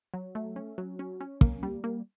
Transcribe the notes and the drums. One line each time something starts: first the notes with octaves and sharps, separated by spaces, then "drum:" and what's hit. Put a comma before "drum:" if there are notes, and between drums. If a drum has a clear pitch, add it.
F#3
A3
C#4
F#3
C#4
C#4
A#3, drum: kick
G3
A#3